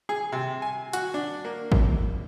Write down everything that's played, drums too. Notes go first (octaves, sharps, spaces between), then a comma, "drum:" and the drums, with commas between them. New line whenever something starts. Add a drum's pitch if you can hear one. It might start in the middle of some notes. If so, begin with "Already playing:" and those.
G#4
C3
G#5
F#4, drum: hi-hat
D4
A#3
drum: kick G#1